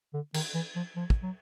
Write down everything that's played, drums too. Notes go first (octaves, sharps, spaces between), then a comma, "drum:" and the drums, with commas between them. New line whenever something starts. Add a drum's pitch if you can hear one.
D3
D#3, drum: cymbal
E3
F3
F3
drum: kick
F#3